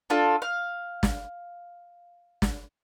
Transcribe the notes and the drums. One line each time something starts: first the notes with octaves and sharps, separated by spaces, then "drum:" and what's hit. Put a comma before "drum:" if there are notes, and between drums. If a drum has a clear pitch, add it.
D4 F4 A4
F5
drum: snare
drum: snare